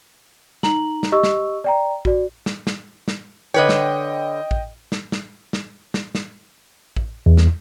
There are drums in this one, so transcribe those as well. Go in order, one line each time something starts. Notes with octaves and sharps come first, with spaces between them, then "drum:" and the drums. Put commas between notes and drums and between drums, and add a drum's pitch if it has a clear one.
D#4 A#5 F#7, drum: snare
drum: snare
G4 D#5 C#6 E6
drum: snare
D5 G5 A#5
F#4 D5, drum: kick A1
drum: snare
drum: snare
drum: snare
D3 B4 C#5 D#5 G5
drum: snare
drum: kick A1
drum: snare
drum: snare
drum: snare
drum: snare
drum: snare
drum: kick A1
E2
drum: snare